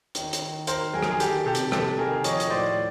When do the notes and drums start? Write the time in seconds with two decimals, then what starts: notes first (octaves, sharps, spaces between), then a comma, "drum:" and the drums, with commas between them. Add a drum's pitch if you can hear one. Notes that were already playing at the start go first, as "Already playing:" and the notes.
0.15 D#3, drum: hi-hat
0.33 drum: hi-hat
0.42 D#3
0.67 D#3 A#4 C5, drum: hi-hat
0.93 F#3 G#4 A#4
1.03 drum: rim click
1.12 G#4
1.20 D#3 G4 A4, drum: hi-hat
1.46 C3 G4 A4
1.55 drum: hi-hat
1.72 C3 G4 A4, drum: rim click
1.98 D#3 G#4 A#4
2.24 F3 C#5 D#5, drum: hi-hat
2.40 D#5, drum: hi-hat
2.50 A2 C5 D5